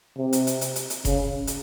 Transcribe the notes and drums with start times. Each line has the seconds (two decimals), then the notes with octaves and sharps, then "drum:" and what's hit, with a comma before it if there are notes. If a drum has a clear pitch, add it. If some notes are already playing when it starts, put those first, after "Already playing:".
0.18 C3
0.33 drum: hi-hat
0.47 drum: hi-hat
0.61 drum: hi-hat
0.76 drum: hi-hat
0.90 drum: hi-hat
1.05 C#3, drum: kick F1, hi-hat
1.47 drum: hi-hat